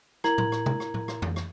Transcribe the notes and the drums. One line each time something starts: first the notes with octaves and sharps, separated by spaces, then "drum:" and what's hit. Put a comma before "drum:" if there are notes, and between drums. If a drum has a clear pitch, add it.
E4 A#4 A#5 G#6 F#7, drum: rim click
drum: tom A2
drum: rim click
drum: tom C3
drum: rim click
drum: tom A2
drum: rim click
drum: tom F2
drum: rim click